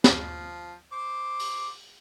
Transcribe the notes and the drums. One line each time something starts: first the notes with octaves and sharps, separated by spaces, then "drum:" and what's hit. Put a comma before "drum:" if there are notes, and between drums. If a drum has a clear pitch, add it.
F3, drum: snare
C5 D6
drum: open hi-hat